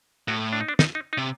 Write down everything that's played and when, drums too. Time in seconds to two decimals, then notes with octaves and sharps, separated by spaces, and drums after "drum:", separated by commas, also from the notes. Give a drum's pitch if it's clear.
0.28 A2 F#4
0.53 D4
0.61 D#4
0.68 D4
0.79 D#4, drum: snare
0.95 D#4
1.13 D#4
1.18 C3